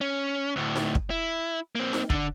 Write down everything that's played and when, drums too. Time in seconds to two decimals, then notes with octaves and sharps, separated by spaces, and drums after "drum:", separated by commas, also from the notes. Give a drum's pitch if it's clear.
0.01 C#4
0.56 D2 A2
0.75 drum: snare D#4
0.95 drum: kick
1.10 E4
1.75 A#3 C4
1.93 drum: snare D#4
2.10 D3 D4, drum: kick